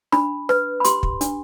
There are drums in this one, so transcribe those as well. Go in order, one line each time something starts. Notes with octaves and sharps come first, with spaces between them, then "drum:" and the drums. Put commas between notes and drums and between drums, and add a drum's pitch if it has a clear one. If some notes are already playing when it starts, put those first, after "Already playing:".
D4 B5, drum: rim click
B4, drum: rim click
B5
G4 C6, drum: hi-hat
drum: kick
D4, drum: hi-hat